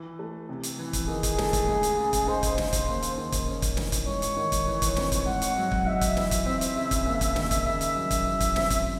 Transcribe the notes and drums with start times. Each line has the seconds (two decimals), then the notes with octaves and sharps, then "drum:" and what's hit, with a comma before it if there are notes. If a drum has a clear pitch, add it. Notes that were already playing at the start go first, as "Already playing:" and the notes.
Already playing: E3
0.19 A3
0.49 C3
0.63 drum: hi-hat
0.79 E3
0.93 drum: kick, hi-hat
1.08 D#3 G#4
1.23 drum: kick, hi-hat
1.38 A3, drum: snare
1.53 drum: kick, hi-hat
1.68 C#2
1.83 drum: hi-hat
1.97 C#3
2.13 drum: kick, hi-hat
2.27 D#4 C5
2.43 drum: kick, hi-hat
2.58 C#3, drum: snare
2.73 drum: kick, hi-hat
2.88 D#2
3.02 drum: hi-hat
3.18 D#3
3.32 drum: kick, hi-hat
3.48 C#4
3.62 drum: kick, hi-hat
3.77 E3, drum: snare
3.92 drum: kick, hi-hat
4.07 G#2 C#5
4.22 drum: hi-hat
4.37 D#3
4.52 drum: kick, hi-hat
4.67 E3
4.82 drum: kick, hi-hat
4.96 C4, drum: snare
5.12 drum: kick, hi-hat
5.26 G#2 F#5
5.42 drum: hi-hat
5.56 F#3
5.71 drum: kick
5.86 D#4 E5
6.01 drum: kick, hi-hat
6.17 E3, drum: snare
6.31 drum: kick, hi-hat
6.46 C4
6.61 drum: hi-hat
6.76 C#3
6.91 drum: kick, hi-hat
7.05 D#2
7.21 drum: kick, hi-hat
7.36 D#3, drum: snare
7.51 drum: kick, hi-hat
7.66 C#3 E5
7.81 drum: hi-hat
7.96 F#3
8.11 drum: kick, hi-hat
8.25 E3
8.40 drum: kick, hi-hat
8.56 C4, drum: snare
8.70 drum: kick, hi-hat